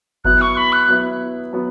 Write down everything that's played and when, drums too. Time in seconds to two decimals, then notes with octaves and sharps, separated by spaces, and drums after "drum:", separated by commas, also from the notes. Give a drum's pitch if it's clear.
0.25 F#3 B3 E4 F#6, drum: kick G1
0.41 C#6
0.57 B5
0.73 F#6
0.88 F#3 B3 E4
1.53 F#3 B3